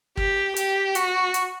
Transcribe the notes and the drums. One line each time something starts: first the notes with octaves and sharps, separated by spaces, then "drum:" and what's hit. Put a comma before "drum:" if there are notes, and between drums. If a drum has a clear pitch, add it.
G4, drum: kick G#1
G4, drum: hi-hat
F#4, drum: hi-hat
drum: hi-hat